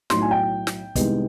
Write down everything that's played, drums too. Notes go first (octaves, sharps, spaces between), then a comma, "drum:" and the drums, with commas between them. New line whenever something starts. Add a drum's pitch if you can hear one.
B1 A2 F#3 C6, drum: snare
G#5
G5
drum: snare
C2 C3 D#3 G#3 B3, drum: kick, hi-hat